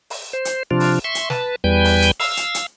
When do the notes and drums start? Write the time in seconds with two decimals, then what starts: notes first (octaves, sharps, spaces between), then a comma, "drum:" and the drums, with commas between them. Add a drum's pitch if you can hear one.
0.10 drum: open hi-hat
0.33 C5
0.45 drum: hi-hat
0.71 C3 F3 D4 F4
0.80 drum: open hi-hat
1.04 E5 C6 C#6
1.15 drum: hi-hat
1.30 B4 A5, drum: snare
1.64 E2 G3 B4 G5 G#5 G6
1.85 drum: open hi-hat
2.02 drum: hi-hat
2.20 F5 E6, drum: open hi-hat
2.37 drum: hi-hat
2.55 drum: hi-hat